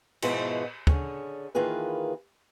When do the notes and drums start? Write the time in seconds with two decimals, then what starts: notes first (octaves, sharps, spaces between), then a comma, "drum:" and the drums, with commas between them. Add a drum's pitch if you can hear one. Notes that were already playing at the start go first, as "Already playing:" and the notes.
0.22 G#2 B2 F3 G#3 B3 E4, drum: cymbal
0.87 D3 C#4 G#4, drum: kick
1.55 D#3 E3 A#3 F4 G#4 B4